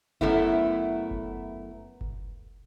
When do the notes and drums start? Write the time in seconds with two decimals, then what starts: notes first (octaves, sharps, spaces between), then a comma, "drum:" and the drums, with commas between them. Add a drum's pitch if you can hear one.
0.21 F#2 A3 B3 E4, drum: kick F#1
1.11 drum: kick F#1
2.01 drum: kick F#1